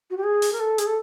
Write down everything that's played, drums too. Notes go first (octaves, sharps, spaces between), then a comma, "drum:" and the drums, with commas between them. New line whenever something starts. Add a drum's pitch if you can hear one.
F#4
G4
G#4
drum: open hi-hat
A#4
A4
G#4, drum: hi-hat
A4